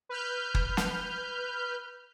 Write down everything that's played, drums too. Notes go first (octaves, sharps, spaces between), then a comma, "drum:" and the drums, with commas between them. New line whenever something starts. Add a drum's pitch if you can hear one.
B4 F6 G6
drum: kick
drum: snare